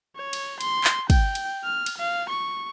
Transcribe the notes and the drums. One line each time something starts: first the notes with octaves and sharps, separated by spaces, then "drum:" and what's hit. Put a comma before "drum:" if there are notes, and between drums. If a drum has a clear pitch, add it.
C#5
drum: cymbal
C6, drum: cymbal
drum: clap
G5, drum: kick, cymbal
drum: cymbal
F6
drum: cymbal
F5
C#6